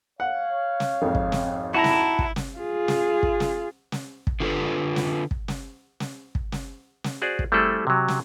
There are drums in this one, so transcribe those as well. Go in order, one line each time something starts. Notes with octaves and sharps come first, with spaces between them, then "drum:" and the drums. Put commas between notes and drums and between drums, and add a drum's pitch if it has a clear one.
C#5 F5 F#5
drum: snare
G#1 F2
drum: kick
drum: snare
E4 F#4 A5 A#5
drum: snare
drum: kick
drum: snare
F4 G#4
drum: snare
drum: kick
drum: snare
drum: snare
drum: kick
D3 F4 A4 B4
drum: snare
drum: kick
drum: snare
drum: snare
drum: kick
drum: snare
drum: snare
F#4 G#4 C5 D5
drum: kick
G3 A3 C4 E4 G#4 A4
C3 F#3
drum: snare